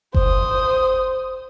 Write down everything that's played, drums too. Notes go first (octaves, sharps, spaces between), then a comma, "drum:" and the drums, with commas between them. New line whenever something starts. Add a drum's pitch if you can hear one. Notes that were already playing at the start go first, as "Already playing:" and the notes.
C5 D#6, drum: kick F#1